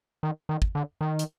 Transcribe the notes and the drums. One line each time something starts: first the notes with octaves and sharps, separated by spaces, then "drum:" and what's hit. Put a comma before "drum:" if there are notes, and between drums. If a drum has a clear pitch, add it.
D#3
D#3
drum: kick
D3
D#3
drum: hi-hat